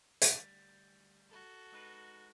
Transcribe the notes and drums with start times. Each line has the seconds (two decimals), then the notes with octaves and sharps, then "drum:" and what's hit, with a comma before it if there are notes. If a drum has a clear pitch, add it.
0.22 D2 G3, drum: hi-hat
1.30 F#4 A4
1.72 G#3 D#4 B4